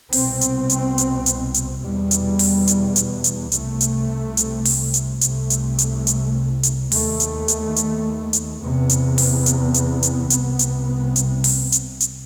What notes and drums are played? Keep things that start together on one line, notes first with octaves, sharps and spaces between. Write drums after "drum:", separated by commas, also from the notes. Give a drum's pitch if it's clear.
C2 B2 C4, drum: open hi-hat
drum: hi-hat
drum: hi-hat
drum: hi-hat
drum: hi-hat
drum: hi-hat
E2 B2 G3
drum: hi-hat
drum: open hi-hat
drum: hi-hat
drum: hi-hat
drum: hi-hat
C2 C3 A3, drum: hi-hat
drum: hi-hat
drum: hi-hat
drum: open hi-hat
drum: hi-hat
C2 C3 A3, drum: hi-hat
drum: hi-hat
drum: hi-hat
drum: hi-hat
drum: hi-hat
D#2 A3, drum: open hi-hat
drum: hi-hat
drum: hi-hat
drum: hi-hat
drum: hi-hat
E2 C3 B3
drum: hi-hat
drum: open hi-hat
drum: hi-hat
drum: hi-hat
drum: hi-hat
C2 C3, drum: hi-hat
drum: hi-hat
drum: hi-hat
drum: open hi-hat
drum: hi-hat
drum: hi-hat